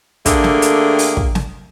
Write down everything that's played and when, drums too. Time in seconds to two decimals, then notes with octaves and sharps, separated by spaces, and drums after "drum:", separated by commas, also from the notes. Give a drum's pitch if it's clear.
0.26 D3 A3 A#3 G4 G#4, drum: kick, hi-hat
0.44 drum: snare
0.62 drum: hi-hat
0.99 drum: open hi-hat
1.17 drum: kick
1.35 drum: snare